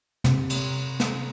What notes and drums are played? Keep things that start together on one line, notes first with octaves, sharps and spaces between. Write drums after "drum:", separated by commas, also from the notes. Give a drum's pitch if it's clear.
C3, drum: snare
drum: cymbal
drum: snare